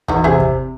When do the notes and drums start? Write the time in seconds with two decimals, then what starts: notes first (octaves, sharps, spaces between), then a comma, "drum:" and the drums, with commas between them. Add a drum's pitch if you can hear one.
0.08 E2 D#4 F#4, drum: kick
0.24 C3 E4 G#4
0.40 drum: kick